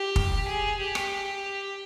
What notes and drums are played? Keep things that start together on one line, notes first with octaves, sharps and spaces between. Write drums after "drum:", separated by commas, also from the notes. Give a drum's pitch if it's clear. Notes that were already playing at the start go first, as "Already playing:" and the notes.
Already playing: G4
drum: kick
G#4
G4
drum: rim click